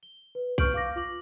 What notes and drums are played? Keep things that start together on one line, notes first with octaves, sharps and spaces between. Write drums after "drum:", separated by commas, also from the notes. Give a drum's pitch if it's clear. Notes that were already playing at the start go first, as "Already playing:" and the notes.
G7
B4
B4 C#6 F6 G6 D7 F#7, drum: kick, hi-hat
F5 D6 A#6
F4 D6 F#7